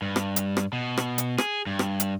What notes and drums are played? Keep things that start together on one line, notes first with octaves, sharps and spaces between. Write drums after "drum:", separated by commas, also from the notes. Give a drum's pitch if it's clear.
G2
drum: rim click
drum: hi-hat
drum: rim click
B2
drum: rim click
drum: hi-hat
G#4, drum: rim click
G2
drum: rim click
drum: hi-hat